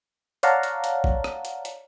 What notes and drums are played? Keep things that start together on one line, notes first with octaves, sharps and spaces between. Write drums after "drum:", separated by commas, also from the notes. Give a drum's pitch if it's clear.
C#5 D5 F5 F#5 A5 A#5, drum: hi-hat
drum: hi-hat
drum: hi-hat
drum: kick
drum: rim click
drum: hi-hat
drum: hi-hat